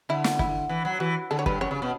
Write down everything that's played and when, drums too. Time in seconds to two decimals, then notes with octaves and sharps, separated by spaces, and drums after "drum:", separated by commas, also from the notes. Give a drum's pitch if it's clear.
0.09 D3 E4
0.24 drum: snare
0.39 E4, drum: kick
0.69 E3
0.85 F#3
1.00 E3 F#4
1.31 D3 A4
1.39 C#5
1.46 G2 B4, drum: kick
1.61 F#2 C#5
1.71 C#3
1.82 B2